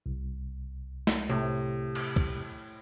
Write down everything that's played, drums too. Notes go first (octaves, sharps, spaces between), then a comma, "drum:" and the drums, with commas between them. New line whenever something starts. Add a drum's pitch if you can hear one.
C2
drum: snare
A2 C3
drum: cymbal
drum: kick